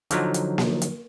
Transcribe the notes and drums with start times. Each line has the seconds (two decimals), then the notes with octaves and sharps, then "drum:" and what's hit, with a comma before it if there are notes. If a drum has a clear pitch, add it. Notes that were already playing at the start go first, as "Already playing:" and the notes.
0.11 D3 F3 F#3 D#4, drum: hi-hat
0.34 drum: hi-hat
0.58 drum: snare A#3
0.82 drum: hi-hat